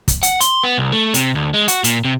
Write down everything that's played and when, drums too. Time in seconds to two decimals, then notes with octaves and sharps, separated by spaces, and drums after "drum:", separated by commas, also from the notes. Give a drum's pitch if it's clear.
0.08 drum: kick, hi-hat
0.23 F#5, drum: hi-hat
0.41 C6, drum: hi-hat
0.64 B3
0.78 C2
0.92 A3
1.14 C3, drum: hi-hat
1.35 D2
1.54 G#3
1.68 F#4, drum: hi-hat
1.84 A#2, drum: hi-hat
2.05 C3